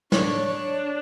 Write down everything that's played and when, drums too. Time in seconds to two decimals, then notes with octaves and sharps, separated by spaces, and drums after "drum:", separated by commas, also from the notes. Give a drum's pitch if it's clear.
0.12 D4 C#5, drum: snare
0.45 C#5